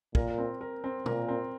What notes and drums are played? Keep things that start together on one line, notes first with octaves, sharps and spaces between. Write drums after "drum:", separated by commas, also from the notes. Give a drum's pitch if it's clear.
A#2 A#4, drum: kick
C4
A#4
C4
A#2 A#4, drum: tom
C4